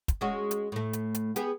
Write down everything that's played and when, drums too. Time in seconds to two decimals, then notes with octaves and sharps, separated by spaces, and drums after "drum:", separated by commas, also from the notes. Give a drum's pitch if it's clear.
0.08 drum: kick, hi-hat
0.21 G#3 C#4 F#4
0.51 drum: hi-hat
0.72 A2 A3
0.93 drum: hi-hat
1.15 drum: hi-hat
1.36 B3 G4 G#4, drum: hi-hat